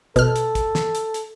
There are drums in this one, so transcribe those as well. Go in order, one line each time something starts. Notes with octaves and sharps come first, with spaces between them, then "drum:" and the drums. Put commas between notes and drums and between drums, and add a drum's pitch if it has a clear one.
B2 A4 F6, drum: kick, hi-hat
drum: hi-hat
drum: kick, hi-hat
drum: snare
drum: hi-hat
drum: hi-hat